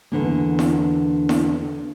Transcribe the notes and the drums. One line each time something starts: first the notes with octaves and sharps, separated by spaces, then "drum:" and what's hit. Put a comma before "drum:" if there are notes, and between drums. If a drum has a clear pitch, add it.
E2 D3 A#3
drum: snare E4
drum: snare E4